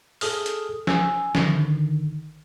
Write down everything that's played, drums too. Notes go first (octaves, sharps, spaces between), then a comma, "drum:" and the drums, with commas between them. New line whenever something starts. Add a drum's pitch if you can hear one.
G#4 A4 D#6 F6, drum: open hi-hat
drum: hi-hat
G#5 E6, drum: snare
G#1 D3 D#3, drum: snare